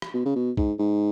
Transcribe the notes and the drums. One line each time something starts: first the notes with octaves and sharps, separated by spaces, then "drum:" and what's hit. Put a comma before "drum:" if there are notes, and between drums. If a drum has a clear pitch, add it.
drum: rim click
B2
C#3
B2
G#2, drum: kick B1
G#2